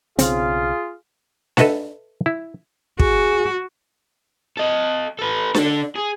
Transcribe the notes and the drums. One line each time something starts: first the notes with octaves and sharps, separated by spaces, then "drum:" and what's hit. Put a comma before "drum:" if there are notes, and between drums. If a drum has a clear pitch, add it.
B1 C#3 C4 F4 G#4 F5, drum: hi-hat
A4 B4 D#5 E5 F#5 A5, drum: snare D4
E4
F#4 G#4, drum: kick
A4 D#5
A4 B4
D4 A4, drum: snare D4
G#4